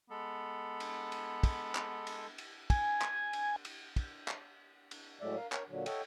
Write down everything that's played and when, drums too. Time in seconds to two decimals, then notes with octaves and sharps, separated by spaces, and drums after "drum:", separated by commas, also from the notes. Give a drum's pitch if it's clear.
0.10 G#3 B3 A4
0.80 drum: cymbal
1.12 drum: cymbal
1.43 drum: kick, cymbal
1.75 drum: clap
2.07 drum: cymbal
2.38 drum: cymbal
2.70 G#5, drum: kick, cymbal
3.02 drum: clap
3.33 drum: cymbal
3.65 drum: cymbal
3.96 drum: kick, cymbal
4.28 drum: clap
4.91 drum: cymbal
5.19 A2 F#3 G#3 A3 D5 E5
5.36 A#4 F5
5.52 A#4 C#5, drum: clap
5.69 A#2 D3 F#3
5.86 A4 C#5 D#5 E5 F#5 G5, drum: cymbal